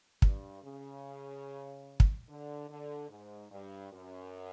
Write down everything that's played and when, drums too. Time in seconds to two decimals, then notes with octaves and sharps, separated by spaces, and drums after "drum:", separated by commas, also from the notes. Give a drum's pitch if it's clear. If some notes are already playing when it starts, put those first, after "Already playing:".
0.22 G2, drum: kick
0.62 C#3
2.00 drum: kick
2.28 D3
2.68 D3
3.09 G#2
3.50 G2
3.91 F#2